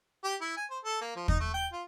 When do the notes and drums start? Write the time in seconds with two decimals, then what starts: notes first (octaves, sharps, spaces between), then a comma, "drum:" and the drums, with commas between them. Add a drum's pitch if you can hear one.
0.24 G4
0.41 E4
0.57 G#5
0.70 C5
0.84 A4
1.01 A#3
1.16 F3
1.28 D#4, drum: kick
1.40 A3
1.54 G5
1.73 F4